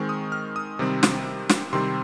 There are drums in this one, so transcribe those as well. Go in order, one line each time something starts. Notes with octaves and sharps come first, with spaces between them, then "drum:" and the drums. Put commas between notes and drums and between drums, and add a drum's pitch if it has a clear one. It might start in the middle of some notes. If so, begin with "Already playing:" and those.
Already playing: D#3 G#3 C4 C#6
D#6
F6
D#6
C3 D#3 G3 C4
drum: snare
drum: snare
C3 D#3 G3 C4 C6